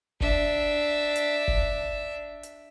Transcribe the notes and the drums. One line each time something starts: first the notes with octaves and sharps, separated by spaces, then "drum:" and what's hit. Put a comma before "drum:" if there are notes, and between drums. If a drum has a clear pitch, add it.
D4 E5, drum: kick
drum: hi-hat
drum: kick
drum: hi-hat